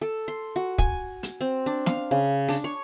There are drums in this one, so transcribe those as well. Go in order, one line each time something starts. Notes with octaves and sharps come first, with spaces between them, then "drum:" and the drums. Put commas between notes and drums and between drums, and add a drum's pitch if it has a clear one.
A4
C6
F#4
G#5, drum: kick
drum: hi-hat
C4
D4
F5, drum: snare
C#3
D4, drum: open hi-hat
C#5